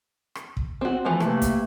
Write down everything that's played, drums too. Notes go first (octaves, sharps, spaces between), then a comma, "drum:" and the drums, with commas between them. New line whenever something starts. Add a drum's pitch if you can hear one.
drum: rim click
drum: kick
C4 F#4
E3 F3 A3
C3 A3 A#3 B4, drum: rim click
drum: kick, hi-hat